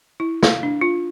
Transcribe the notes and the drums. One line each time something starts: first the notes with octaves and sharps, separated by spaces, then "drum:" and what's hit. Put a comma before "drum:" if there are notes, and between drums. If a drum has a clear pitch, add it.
E4
F5, drum: snare
D4
F4